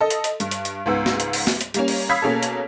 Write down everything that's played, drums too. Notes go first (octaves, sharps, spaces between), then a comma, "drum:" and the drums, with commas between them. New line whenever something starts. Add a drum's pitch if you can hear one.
A4 D#5
drum: hi-hat
drum: hi-hat
G2, drum: hi-hat
drum: hi-hat
drum: hi-hat
C#2 G#2 B3 E6
drum: snare
drum: hi-hat
drum: open hi-hat
drum: snare
drum: hi-hat
G3 A#3 C#4, drum: hi-hat
drum: open hi-hat
F5 B5 D#6 E6 G#6 B6
B2 A#3 C#4 G#4 A4
drum: hi-hat